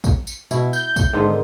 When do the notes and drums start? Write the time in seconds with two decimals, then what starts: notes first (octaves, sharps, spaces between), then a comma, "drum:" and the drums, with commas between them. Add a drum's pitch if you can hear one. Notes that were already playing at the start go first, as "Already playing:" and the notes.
0.04 drum: kick, tambourine
0.27 drum: tambourine
0.51 B2 E4, drum: tambourine
0.73 G6, drum: tambourine
0.96 drum: kick, tambourine
1.13 G#2 D3 D#3 B3 C5